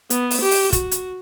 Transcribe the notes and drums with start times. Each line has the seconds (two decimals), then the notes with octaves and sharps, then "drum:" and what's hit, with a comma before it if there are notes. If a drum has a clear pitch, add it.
0.10 B3, drum: hi-hat
0.31 drum: open hi-hat
0.41 G4
0.51 drum: open hi-hat
0.73 F#4, drum: kick, hi-hat
0.91 drum: hi-hat